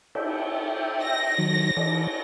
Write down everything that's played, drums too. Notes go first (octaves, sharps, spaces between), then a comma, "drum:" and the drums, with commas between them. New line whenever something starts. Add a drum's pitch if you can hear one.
E5 G5, drum: cymbal
A#6
D#3 F#3
E3, drum: cymbal